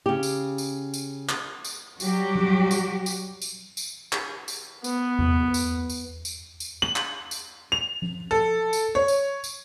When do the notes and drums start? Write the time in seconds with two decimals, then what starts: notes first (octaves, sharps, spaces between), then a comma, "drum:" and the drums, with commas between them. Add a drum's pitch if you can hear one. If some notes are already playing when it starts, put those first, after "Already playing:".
0.06 C#3 G4
0.23 drum: tambourine
0.58 drum: tambourine
0.94 drum: tambourine
1.29 drum: clap
1.65 drum: tambourine
2.00 F#3 G3 F#4 G4, drum: tambourine
2.35 drum: tom F3
2.71 drum: tambourine
3.06 drum: tambourine
3.42 drum: tambourine
3.77 drum: tambourine
4.12 drum: clap
4.48 drum: tambourine
4.84 B3, drum: tambourine
5.19 drum: tom E2
5.54 drum: tambourine
5.90 drum: tambourine
6.25 drum: tambourine
6.60 drum: tambourine
6.82 F#7
6.96 drum: clap
7.31 drum: tambourine
7.72 F7
8.02 drum: tom F3
8.31 A4
8.73 drum: tambourine
8.95 C#5
9.08 drum: tambourine
9.44 drum: tambourine